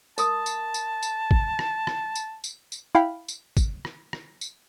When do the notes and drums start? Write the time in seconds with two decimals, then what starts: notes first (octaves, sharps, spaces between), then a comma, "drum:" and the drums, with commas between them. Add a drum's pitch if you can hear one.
0.18 A#4 A5 D#6, drum: tambourine
0.46 drum: tambourine
0.74 drum: tambourine
1.02 drum: tambourine
1.31 drum: kick
1.59 drum: rim click
1.87 drum: rim click
2.15 drum: tambourine
2.44 drum: tambourine
2.72 drum: tambourine
2.95 E4 F5 G5 B5
3.28 drum: tambourine
3.57 drum: kick, tambourine
3.85 drum: rim click
4.13 drum: rim click
4.41 drum: tambourine